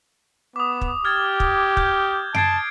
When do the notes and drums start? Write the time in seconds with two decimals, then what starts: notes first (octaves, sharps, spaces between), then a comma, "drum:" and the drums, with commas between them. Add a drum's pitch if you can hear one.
0.56 B3 D6 D#6
0.81 drum: kick
1.05 G4 F6 G#6 A6
1.40 drum: kick
1.77 F6 G6 G#6, drum: kick
2.35 A5 G#6 C7 D7, drum: tom F#2